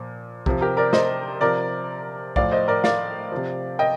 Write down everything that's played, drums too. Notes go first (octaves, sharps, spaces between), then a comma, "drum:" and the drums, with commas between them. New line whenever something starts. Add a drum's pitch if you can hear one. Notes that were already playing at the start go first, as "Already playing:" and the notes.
Already playing: A#2 F3
C3 F3, drum: kick
G4 A#4
A#4 D5
C5 D#5, drum: snare
C3 F3 A#4 D5
A2 F3 D5 F5, drum: kick
C5 D#5
A#4 D5
D5 F5, drum: snare
C3 F3
D#5 G5